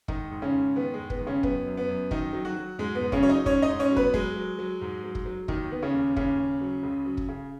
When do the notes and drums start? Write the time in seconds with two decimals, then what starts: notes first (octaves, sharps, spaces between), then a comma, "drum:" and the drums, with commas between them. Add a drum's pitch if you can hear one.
0.08 G#2 D#3 D#4, drum: kick
0.31 G#2
0.42 C#3 C#4
0.53 G#2
0.76 D#3 B3
0.94 G#3
0.99 G#2
1.10 B3, drum: kick
1.21 D#3
1.27 C#3 C#4
1.43 F#2 B3, drum: kick
1.67 F#2
1.77 B3
1.89 F#2
2.11 D#3 F#3 D#4, drum: kick
2.33 F#3
2.45 F#3 F#4
2.56 F#3
2.79 G#2 G#3
2.95 B3
3.01 G#2
3.12 C#3 C#4, drum: kick
3.23 F#3 C#5
3.29 D#4 D#5
3.46 G#2 C#4 C#5, drum: kick
3.62 D#4 D#5
3.69 G#2
3.80 C#4 C#5
3.91 F#3
3.97 B3 B4, drum: kick
4.14 F#3 G#3, drum: kick
4.36 F#3
4.59 F#3
4.81 G#2
5.04 F#3
5.15 drum: kick
5.26 F#3
5.48 D#2 D#3 D#4, drum: kick
5.71 D#3 B3
5.82 C#3 C#4
5.94 D#2
6.16 D#2 C#3 C#4, drum: kick
6.39 D#2
6.61 F#3
6.83 C#2
7.06 F#3
7.17 drum: kick
7.29 C#3